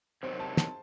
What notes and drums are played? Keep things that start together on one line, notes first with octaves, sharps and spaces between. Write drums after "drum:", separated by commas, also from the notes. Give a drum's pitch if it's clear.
C3 D#3 F#3 C4 C5
A5
A5, drum: snare